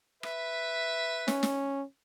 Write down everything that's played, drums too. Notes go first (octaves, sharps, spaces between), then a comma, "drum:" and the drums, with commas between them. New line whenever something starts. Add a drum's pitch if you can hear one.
B4 E5, drum: rim click
C#4, drum: snare
drum: snare